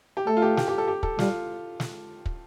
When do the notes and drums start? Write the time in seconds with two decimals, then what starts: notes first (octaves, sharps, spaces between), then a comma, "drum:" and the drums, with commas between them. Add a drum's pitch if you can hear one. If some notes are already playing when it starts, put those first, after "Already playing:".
0.17 G4
0.27 A3 A4
0.37 F4
0.42 G4
0.57 G4, drum: snare
0.68 G4
0.78 A4
0.88 G4
1.03 A4, drum: kick
1.19 G3 F4, drum: snare
1.80 drum: snare
2.26 drum: kick